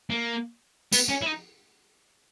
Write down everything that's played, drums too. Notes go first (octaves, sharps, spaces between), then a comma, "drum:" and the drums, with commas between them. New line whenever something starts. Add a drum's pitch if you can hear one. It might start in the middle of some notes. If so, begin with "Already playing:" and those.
A#3
B3, drum: tambourine
C#4
E4
D#4